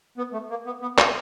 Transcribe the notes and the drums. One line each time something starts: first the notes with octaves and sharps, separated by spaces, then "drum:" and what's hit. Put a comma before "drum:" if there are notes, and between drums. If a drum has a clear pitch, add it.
B3
A3
A#3
B3
B3
A#3, drum: clap